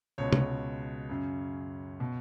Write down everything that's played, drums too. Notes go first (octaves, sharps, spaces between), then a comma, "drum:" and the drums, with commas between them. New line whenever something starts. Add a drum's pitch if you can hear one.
C#2 B2 C#5
drum: tom C3
F#2 C#3
B2